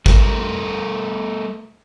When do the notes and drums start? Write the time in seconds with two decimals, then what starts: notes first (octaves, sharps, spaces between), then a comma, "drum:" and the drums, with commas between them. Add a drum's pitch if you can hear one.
0.06 G3 A3 A#4, drum: kick G#1